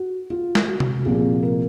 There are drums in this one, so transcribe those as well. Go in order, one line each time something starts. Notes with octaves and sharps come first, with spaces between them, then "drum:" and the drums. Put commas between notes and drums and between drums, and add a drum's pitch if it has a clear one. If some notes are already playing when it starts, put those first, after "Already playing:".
Already playing: F#4
F4
drum: snare
F#4
drum: tom C3
C2 A#2 F3 A#3 G#4
A#4